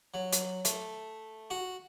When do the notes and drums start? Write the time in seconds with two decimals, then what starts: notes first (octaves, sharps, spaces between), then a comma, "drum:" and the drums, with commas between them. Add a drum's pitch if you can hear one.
0.14 F#3
0.33 drum: hi-hat
0.65 A3, drum: hi-hat
1.50 F#4